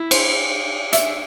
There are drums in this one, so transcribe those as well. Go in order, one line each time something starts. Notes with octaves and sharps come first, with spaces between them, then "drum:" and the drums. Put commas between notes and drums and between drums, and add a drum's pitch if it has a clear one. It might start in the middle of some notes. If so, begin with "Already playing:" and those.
Already playing: E4
C5, drum: cymbal
E5, drum: hi-hat